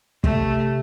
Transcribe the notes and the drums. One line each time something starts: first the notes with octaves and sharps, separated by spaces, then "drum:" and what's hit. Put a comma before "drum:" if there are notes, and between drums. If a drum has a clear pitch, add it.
C3 A3, drum: kick